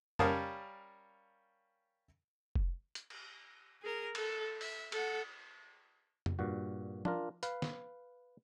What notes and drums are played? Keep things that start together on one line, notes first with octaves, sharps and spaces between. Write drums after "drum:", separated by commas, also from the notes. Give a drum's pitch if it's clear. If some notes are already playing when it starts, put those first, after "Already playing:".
G3 C#4 A#4 F5 A5 D#6, drum: tom F2
drum: kick F1
drum: hi-hat
drum: cymbal
G#4 A#4
A4, drum: cymbal
E5, drum: open hi-hat
A4 F#5, drum: cymbal
drum: tom F2
G2 A#2 F#4
D4 F4 A#4, drum: tom F3
B4 F5, drum: hi-hat
drum: snare